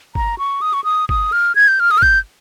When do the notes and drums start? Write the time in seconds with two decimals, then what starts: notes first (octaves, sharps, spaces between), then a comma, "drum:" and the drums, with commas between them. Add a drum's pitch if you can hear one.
0.15 A#5, drum: kick
0.38 C#6
0.62 D#6
0.73 C#6
0.84 D#6
1.09 D#6, drum: kick
1.32 F6
1.55 G#6
1.68 G6
1.80 F6
1.91 D#6
1.98 F6
2.02 G6, drum: kick